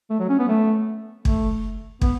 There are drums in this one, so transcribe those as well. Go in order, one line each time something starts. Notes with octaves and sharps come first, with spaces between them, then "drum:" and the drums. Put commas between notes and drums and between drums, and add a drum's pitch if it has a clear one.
A3
F#3
C#4
B3
A3
A3, drum: kick
B3, drum: kick